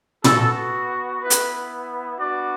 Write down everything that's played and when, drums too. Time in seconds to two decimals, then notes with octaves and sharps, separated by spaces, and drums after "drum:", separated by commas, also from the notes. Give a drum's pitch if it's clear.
0.24 B3 F#4 A4, drum: tom
1.21 B3 E4 B4
1.30 drum: hi-hat
2.19 B3 D4 F#4 D5